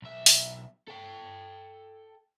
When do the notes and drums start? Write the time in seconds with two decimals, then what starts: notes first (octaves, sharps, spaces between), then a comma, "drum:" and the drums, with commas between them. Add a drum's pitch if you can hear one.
0.02 B1 E5
0.26 drum: open hi-hat
0.88 A4 G5